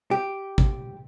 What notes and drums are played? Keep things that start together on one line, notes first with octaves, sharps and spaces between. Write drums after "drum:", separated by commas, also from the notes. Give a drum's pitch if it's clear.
G4
drum: kick